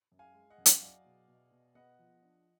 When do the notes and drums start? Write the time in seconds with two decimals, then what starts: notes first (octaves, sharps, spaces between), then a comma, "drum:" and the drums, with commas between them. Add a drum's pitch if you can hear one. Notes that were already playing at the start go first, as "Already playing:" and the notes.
0.12 F#2
0.19 F5 G#5
0.34 G#3
0.50 D#5 F#5
0.58 F#2
0.66 G#5, drum: hi-hat
0.74 F#5
0.81 F#3 D5 F5
1.05 B2
1.28 B2
1.51 B2
1.75 B3 D#5 F#5
1.99 F3
2.22 D4